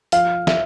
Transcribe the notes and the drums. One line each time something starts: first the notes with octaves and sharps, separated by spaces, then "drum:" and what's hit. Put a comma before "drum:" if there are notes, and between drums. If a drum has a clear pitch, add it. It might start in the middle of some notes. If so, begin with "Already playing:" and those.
F3 F5, drum: hi-hat
E5, drum: snare